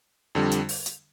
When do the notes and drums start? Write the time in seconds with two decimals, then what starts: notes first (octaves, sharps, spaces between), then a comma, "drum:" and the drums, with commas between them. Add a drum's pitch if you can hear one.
0.35 F2 D3 G3
0.51 drum: hi-hat
0.69 drum: open hi-hat
0.86 drum: hi-hat